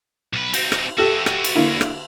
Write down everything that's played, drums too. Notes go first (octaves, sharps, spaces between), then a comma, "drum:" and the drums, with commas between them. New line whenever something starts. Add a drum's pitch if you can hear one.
B1 B4
C4 D#4, drum: cymbal
drum: rim click
F#4 G4 A4 E5
drum: rim click
drum: cymbal
D3 A#3 E4
drum: rim click